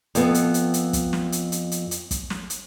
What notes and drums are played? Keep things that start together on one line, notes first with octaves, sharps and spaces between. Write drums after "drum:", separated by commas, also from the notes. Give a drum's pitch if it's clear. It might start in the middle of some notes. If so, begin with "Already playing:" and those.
F2 B3, drum: hi-hat
drum: hi-hat
drum: hi-hat
drum: hi-hat
drum: kick, hi-hat
drum: snare
drum: hi-hat
drum: hi-hat
drum: hi-hat
drum: hi-hat
drum: kick, hi-hat
drum: snare
drum: hi-hat